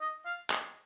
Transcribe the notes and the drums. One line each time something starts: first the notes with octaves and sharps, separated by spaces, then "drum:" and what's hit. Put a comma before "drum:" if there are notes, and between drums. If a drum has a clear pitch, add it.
D#5
F5
D#5, drum: clap